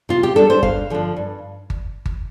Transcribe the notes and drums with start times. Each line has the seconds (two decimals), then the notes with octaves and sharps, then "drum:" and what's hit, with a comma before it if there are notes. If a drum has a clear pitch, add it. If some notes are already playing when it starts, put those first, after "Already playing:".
0.09 C3 F4
0.23 G4
0.36 G3 D4 A4
0.50 C5
0.63 G2 F5, drum: kick G1
0.90 D3 F3 D4
1.16 G2
1.70 drum: kick G1
2.06 drum: kick G1